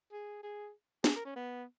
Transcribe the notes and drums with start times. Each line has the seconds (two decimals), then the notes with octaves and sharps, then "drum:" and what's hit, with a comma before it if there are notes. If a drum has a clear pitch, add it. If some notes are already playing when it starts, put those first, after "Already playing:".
0.12 G#4
0.43 G#4
1.04 G#4, drum: snare
1.16 A#4
1.25 C#4
1.36 B3